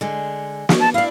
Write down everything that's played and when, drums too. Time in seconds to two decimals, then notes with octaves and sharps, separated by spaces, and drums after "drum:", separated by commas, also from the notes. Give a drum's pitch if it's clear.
0.01 D3 G#3
0.69 drum: snare
0.80 A5
0.94 D4 E4 F5